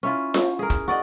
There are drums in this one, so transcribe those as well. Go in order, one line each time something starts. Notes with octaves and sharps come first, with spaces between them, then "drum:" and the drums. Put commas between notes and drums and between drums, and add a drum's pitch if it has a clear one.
C#4 E4 F4
drum: snare F4
G#4 A#4
drum: kick
F#4 D5 D#5